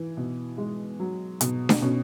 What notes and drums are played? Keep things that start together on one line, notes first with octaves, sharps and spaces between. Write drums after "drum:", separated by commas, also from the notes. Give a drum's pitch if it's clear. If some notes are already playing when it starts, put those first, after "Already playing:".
Already playing: E3
B2
G#3
F#3
B2, drum: hi-hat
drum: snare D4
B2 C#4